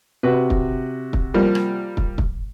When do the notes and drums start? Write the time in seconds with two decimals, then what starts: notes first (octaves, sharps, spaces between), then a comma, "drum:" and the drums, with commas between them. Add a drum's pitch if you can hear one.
0.23 C3 F#4 B4
0.50 drum: kick
1.13 drum: kick
1.34 F3 G3 A#3
1.55 drum: rim click
1.97 drum: kick
2.18 drum: kick